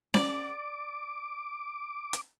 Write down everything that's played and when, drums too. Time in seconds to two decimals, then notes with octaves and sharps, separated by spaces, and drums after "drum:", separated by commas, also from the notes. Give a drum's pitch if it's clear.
0.14 D5 D6, drum: snare C#4
2.13 drum: hi-hat